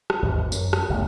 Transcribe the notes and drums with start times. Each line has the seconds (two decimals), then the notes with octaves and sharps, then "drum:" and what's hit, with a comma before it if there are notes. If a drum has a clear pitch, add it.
0.10 drum: rim click
0.22 G#1 D#2 E3
0.52 F#2, drum: tambourine
0.73 drum: rim click
0.89 F#1 B1 C#3 A3